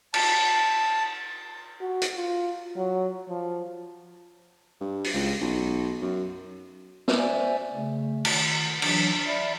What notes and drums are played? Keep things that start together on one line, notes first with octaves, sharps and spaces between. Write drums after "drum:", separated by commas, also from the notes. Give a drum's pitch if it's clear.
A5, drum: cymbal
F#4
drum: hi-hat
F4
F#3
F3
G2
drum: open hi-hat
C#2
B1
F#2
drum: snare
C5 D5 E5 G#5
C#3 A3
D#3, drum: cymbal
E3 F#3 D4, drum: cymbal
D5 E5 B5